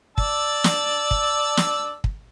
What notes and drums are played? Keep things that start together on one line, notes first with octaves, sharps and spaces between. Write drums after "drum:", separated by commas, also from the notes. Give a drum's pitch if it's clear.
D5 A5 E6, drum: kick
drum: snare
drum: kick
drum: snare
drum: kick